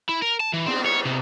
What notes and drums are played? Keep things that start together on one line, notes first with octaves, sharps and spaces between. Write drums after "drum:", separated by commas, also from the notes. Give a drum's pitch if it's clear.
E4
A#4
A5
E3
C4, drum: cymbal
C#5
C3